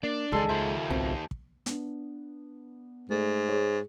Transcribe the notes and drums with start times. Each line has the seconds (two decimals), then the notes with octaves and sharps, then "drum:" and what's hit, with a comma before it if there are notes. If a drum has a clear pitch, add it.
0.03 A#3 D4 D5
0.32 C#2 D#3 G#3 A4 G#5 C6, drum: kick
0.49 D#2 C#3 F4 C5 E5
0.90 G#1 B2 C4, drum: tom C2
1.31 drum: kick
1.66 B3 D4, drum: hi-hat
3.09 G#2 A3 A4 D5
3.49 G#4 C#5